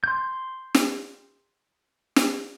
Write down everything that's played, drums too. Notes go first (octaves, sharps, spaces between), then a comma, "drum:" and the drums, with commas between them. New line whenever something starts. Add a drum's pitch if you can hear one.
C6 G6
drum: snare
drum: snare